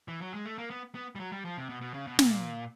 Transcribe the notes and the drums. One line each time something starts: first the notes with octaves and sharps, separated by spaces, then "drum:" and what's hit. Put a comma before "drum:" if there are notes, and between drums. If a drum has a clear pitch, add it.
E3
F#3
G#3
A3
A#3
B3
B3
G3
F#3
G3
F3
C3
B2
B2
C#3
B2
A#2, drum: snare